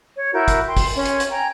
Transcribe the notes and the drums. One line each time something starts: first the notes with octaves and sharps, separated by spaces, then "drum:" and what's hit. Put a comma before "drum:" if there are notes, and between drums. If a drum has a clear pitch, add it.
C#5
E4 F#4 A#4 G6
drum: kick, hi-hat
G5 C6
drum: kick, open hi-hat
C#4 C#5 C6
drum: hi-hat
drum: hi-hat
G5 G#5 A#5